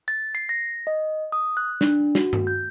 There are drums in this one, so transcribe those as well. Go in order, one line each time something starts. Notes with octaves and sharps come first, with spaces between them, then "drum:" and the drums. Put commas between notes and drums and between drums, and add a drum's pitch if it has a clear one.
A6
C7
A#6
D#5
D#6
F#6
D4, drum: snare
F#4, drum: snare
drum: tom G2
G6